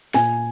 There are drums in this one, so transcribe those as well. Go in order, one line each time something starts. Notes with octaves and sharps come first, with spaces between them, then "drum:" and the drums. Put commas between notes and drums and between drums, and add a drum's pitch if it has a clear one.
A#2 G#5, drum: snare